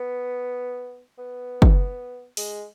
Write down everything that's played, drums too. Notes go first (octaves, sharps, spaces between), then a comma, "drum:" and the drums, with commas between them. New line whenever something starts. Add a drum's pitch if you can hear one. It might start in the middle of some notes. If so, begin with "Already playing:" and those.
Already playing: B3
B3
drum: kick
G#3, drum: open hi-hat